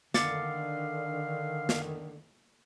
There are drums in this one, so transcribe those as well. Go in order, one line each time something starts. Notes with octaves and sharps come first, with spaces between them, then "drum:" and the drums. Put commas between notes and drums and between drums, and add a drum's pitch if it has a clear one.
D3 D#3 F5 D6 A6 C#7, drum: snare
drum: snare